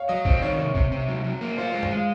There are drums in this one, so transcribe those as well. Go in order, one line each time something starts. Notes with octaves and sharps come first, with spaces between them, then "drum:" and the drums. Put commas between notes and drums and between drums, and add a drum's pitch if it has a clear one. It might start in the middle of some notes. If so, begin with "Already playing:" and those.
Already playing: C#5 F5
F#3 D#5
C4, drum: kick
D#3 C#5
C3 C#5
C3, drum: kick
C3
F#3
F#3
A#3
F4 C5
C5
G#3
C5, drum: tom
G#3 F5